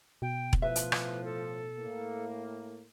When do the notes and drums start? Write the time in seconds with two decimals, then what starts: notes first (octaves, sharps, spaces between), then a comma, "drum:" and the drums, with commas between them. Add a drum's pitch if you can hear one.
0.22 B2 G5
0.53 drum: kick E1
0.62 A2 F3 B4 E5
0.76 drum: hi-hat
0.92 drum: rim click
1.24 A4
1.77 A2 A#3